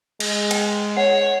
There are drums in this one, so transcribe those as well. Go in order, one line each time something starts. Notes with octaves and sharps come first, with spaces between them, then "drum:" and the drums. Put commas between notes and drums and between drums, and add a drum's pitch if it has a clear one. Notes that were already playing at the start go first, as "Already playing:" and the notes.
G#3, drum: cymbal
G5, drum: cymbal
C#5 F#5